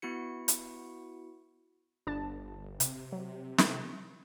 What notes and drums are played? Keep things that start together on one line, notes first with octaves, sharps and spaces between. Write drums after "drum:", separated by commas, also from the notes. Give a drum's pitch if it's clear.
B3 E4 F#4 C#7
drum: hi-hat
G1 D4 A5
C3, drum: hi-hat
F#3
drum: snare